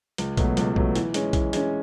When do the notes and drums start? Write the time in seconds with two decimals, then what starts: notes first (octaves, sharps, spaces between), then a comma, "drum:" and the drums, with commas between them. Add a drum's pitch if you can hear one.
0.18 C#2, drum: hi-hat
0.37 B2 F#3 A3, drum: kick A#1, hi-hat
0.57 C#2, drum: hi-hat
0.76 B2 F#3 A3, drum: kick A#1
0.96 E3, drum: hi-hat
1.14 G#3 C#4, drum: hi-hat
1.33 E3, drum: kick A#1, hi-hat
1.53 G#3 C#4, drum: hi-hat